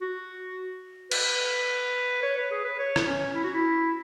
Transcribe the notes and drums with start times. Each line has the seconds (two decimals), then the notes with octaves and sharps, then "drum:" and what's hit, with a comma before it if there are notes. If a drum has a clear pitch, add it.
0.01 F#4
1.11 B4, drum: cymbal
2.23 C#5
2.37 B4
2.51 G#4
2.64 B4
2.79 C#5
2.96 drum: rim click
3.07 C#4
3.34 E4
3.44 F#4
3.54 E4